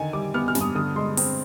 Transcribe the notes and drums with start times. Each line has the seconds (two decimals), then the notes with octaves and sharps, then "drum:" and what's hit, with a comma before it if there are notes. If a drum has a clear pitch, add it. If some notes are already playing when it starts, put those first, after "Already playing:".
Already playing: D3 D#3 G#5
0.13 G3 D6
0.34 B3 F6
0.48 F6
0.55 G2, drum: snare
0.61 D#6
0.75 D3 D#6
0.96 G#3 C6
1.17 C4, drum: open hi-hat